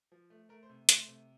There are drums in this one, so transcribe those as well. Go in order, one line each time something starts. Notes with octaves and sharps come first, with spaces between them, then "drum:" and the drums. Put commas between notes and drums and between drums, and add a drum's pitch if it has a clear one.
F3
A3
A3 A#4
C5
C3
A3 C6, drum: hi-hat
C3